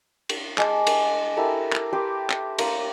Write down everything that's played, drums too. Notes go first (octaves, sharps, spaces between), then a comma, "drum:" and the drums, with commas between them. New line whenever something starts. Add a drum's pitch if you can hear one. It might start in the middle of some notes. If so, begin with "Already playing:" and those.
drum: cymbal
G#3 A5 D6, drum: clap
drum: cymbal
E4 G4 A4 A#4
drum: clap
G4 B4 C6 D6
drum: clap
A#3 C6, drum: cymbal